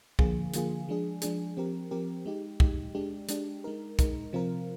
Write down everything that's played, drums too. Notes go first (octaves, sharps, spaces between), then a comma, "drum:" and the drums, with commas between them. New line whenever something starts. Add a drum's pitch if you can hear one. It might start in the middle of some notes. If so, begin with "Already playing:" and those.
D3 F3 A#3 F4 G#4, drum: kick
D3 F3 A#3 F4 G#4, drum: hi-hat
F3 G#3 D4 G#4
F3 G#3 D4 G#4, drum: hi-hat
F3 C4 G4 A#4
F3 C4 G4 A#4
G#3 D#4 G4
G#3 D#4 G4, drum: kick
G#3 D4 G4
G#3 D4 G4, drum: hi-hat
G#3 D#4 A#4
G#3 D#4 A#4, drum: kick, hi-hat
C3 F3 C4 F4 A#4